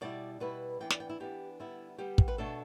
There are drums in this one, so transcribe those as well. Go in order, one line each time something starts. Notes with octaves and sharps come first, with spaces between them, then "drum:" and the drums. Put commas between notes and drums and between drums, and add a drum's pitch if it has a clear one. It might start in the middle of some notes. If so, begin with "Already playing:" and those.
B2 G3 E4 D5
B2 G3 E4 B4
E3 B3 D4 G5
D5, drum: snare
G5
E4
E3 B3 D4 G4
D3 G3 B3 E4
D3 G3 B3 G4
drum: kick
B4
B2 A3 D4 A4